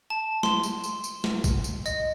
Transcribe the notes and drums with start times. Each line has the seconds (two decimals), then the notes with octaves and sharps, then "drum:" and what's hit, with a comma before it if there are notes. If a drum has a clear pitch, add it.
0.10 A5
0.43 C6, drum: snare
0.63 drum: tambourine
0.84 drum: tambourine
1.04 drum: tambourine
1.24 drum: snare
1.44 drum: kick A#1, tambourine
1.64 drum: tambourine
1.86 D#5, drum: tambourine